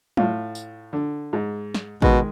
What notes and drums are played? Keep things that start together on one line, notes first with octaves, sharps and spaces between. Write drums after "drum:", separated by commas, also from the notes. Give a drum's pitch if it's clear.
A2 F4, drum: tom
drum: tambourine
D3
G#2
drum: snare
B2 D#3 G#3, drum: kick A1